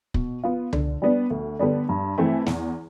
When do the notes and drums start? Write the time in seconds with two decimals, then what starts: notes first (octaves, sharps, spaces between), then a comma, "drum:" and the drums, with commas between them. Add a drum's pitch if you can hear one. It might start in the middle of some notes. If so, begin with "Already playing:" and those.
0.14 B2, drum: kick
0.44 B3 F4
0.73 D3, drum: tom C#2
1.02 G3 B3 D4
1.30 D2
1.59 D3 G3 B3 D4
1.89 G2
2.18 E3 A3 C4 E4
2.46 E2, drum: snare